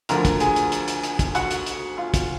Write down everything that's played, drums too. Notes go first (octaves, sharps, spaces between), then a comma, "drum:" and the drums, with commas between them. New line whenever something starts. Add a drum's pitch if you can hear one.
D2 D3 F3 A#4 A#5, drum: hi-hat
drum: kick, hi-hat
G#4 G#5, drum: hi-hat
drum: hi-hat
drum: hi-hat
drum: hi-hat
drum: hi-hat
drum: kick, hi-hat
F#4 F#5, drum: hi-hat
drum: hi-hat
drum: hi-hat
F4 F5
drum: kick, hi-hat